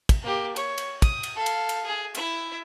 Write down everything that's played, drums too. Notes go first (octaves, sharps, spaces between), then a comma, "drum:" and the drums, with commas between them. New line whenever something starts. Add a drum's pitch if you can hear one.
drum: kick, cymbal
A#3 G4
C#5, drum: cymbal
drum: cymbal
D#6, drum: kick, cymbal
drum: cymbal
A4 F5
drum: cymbal
drum: cymbal
G#4
E4 E5, drum: cymbal